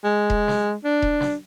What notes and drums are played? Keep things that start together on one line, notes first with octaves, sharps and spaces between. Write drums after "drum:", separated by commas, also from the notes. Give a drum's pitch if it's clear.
G#3
drum: kick E1
drum: snare
D4
drum: kick E1
drum: snare